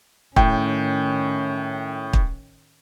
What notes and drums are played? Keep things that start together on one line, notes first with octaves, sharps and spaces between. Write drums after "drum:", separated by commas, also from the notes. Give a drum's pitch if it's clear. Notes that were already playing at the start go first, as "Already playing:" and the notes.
A2 D#3 C#4 G5, drum: kick
drum: kick